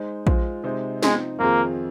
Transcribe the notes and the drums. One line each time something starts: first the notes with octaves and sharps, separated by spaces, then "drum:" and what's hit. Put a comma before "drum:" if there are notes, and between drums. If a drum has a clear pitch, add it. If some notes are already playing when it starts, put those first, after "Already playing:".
Already playing: G#3 D#4 C5
G#3 F4 C5, drum: kick A#1
C3 G#3 D#4 C5
F3 G#3 C4 D#4, drum: snare
F2 D#3 A#3 C4 F4 G#4